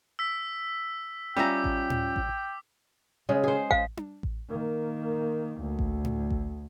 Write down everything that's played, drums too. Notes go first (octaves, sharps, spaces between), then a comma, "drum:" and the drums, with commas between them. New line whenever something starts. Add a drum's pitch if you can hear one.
E6 B6
G3 C#4 F4 E5 G5 A#5 D6
drum: kick A1
drum: tom A2
drum: kick A1
C#3 G#3
G#4 C5
F5, drum: kick A1
drum: tom D4
drum: kick A1
D#3 A#3
D2
drum: kick A1
drum: tom A2
drum: kick A1